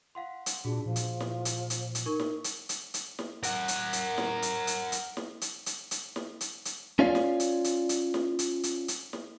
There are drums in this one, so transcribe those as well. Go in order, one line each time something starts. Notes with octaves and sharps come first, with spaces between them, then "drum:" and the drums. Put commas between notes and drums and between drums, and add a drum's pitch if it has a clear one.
F5 F#5 C6
drum: hi-hat
A#2 D4 F#4 G#4
A#2 F3
drum: hi-hat
drum: snare
drum: hi-hat
drum: hi-hat
drum: hi-hat
D#4 A#4 C#6
drum: snare
drum: hi-hat
drum: hi-hat
drum: hi-hat
drum: snare
A#4 F#5, drum: hi-hat
drum: hi-hat
drum: hi-hat
drum: snare
drum: hi-hat
drum: hi-hat
drum: hi-hat
drum: snare
drum: hi-hat
drum: hi-hat
drum: hi-hat
drum: snare
drum: hi-hat
drum: hi-hat
C#4 F4 C#5 D5 F5
drum: snare
drum: hi-hat
drum: hi-hat
drum: hi-hat
drum: snare
drum: hi-hat
drum: hi-hat
drum: hi-hat
drum: snare